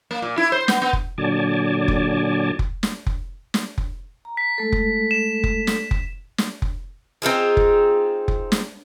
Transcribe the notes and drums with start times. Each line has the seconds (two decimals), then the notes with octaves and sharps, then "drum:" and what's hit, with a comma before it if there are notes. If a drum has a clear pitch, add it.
0.11 A#3
0.22 A#2
0.38 E4
0.52 C5
0.68 B3, drum: snare
0.82 B3
0.93 drum: kick F1
1.18 A#2 D3 F#3 D5 G#5 A5
1.88 drum: kick F1
2.59 drum: kick F1
2.83 drum: snare
3.07 drum: kick F1
3.54 drum: snare
3.78 drum: kick F1
4.25 A#5
4.37 B6
4.58 G#3 A3 A4
4.72 drum: kick F1
5.11 E7
5.44 drum: kick F1
5.67 drum: snare
5.91 drum: kick F1
6.38 drum: snare
6.62 drum: kick F1
7.22 C4 D#4 F4 G#4
7.57 drum: kick F1
8.28 drum: kick F1
8.52 drum: snare